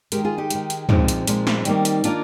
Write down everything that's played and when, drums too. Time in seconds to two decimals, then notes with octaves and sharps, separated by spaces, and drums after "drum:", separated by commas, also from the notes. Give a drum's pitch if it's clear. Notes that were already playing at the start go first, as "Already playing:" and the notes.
0.12 D#3 G#3 G4 A#4, drum: hi-hat
0.24 F4 G#4
0.38 D#4 G4
0.50 D#3 G#3, drum: hi-hat
0.70 drum: hi-hat
0.89 A#2 F3 G#3 C4 D#4, drum: tom
1.08 drum: hi-hat
1.27 A#2 F3 G#3, drum: hi-hat
1.47 drum: snare
1.65 D#3 G3 A#3, drum: hi-hat
1.85 drum: hi-hat
2.04 D#3 G3 A#3 D4 F4, drum: hi-hat